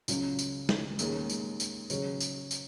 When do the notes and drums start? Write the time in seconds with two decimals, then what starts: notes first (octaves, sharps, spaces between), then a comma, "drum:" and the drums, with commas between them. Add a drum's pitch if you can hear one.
0.08 C#2 C#3 F#3 C#4, drum: tambourine
0.39 drum: tambourine
0.69 drum: snare
0.99 D#2 D#3 G#3 C#4, drum: tambourine
1.30 drum: tambourine
1.60 drum: tambourine
1.90 C#3 F#3 C#4 G#4 C#5, drum: tambourine
2.20 drum: tambourine
2.51 drum: tambourine